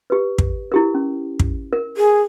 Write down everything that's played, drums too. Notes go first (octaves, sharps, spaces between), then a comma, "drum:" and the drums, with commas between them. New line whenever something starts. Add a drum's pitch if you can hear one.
G4 B4
drum: kick
E4 G4 A#4
C#4
drum: kick
A#4
G#4